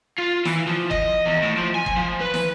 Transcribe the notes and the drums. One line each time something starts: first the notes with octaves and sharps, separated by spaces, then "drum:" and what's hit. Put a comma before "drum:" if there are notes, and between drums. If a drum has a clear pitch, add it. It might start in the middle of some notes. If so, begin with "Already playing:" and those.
F4
E3, drum: snare
F3
D#5, drum: kick F#1
E2
A2
F3
G#5
drum: kick F#1
F3
B4
drum: snare